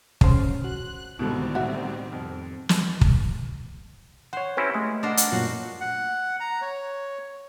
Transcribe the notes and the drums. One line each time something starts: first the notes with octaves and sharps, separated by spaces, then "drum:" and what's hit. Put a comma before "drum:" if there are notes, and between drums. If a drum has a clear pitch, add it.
C#3 C#4 C5 F6 C7, drum: kick
F#4 F#6
C2 G#2 B2 D3 D#3 G3 C4 E4
A2 F#4 E5
F2
drum: snare
drum: kick
C5 C#5 F#5
C4 C#4 E4 G4 B4 A#5 F6
G#3 A3
D4 A#4 C5 D#5 F#5 B5
drum: hi-hat
F#2 A#2 F#3 F#4 F5
F#5
A#5
C#5